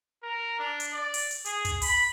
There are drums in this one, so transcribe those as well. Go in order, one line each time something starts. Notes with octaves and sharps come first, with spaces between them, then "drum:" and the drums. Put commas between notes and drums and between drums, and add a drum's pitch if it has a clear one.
A#4
D4
drum: hi-hat
D5
drum: open hi-hat
drum: hi-hat
G#4, drum: hi-hat
drum: kick, hi-hat
B5, drum: open hi-hat